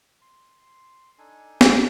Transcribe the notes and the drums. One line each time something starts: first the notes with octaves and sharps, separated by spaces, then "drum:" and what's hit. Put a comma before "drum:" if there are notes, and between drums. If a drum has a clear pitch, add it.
C6
D4 D#4 A4 G#5
drum: snare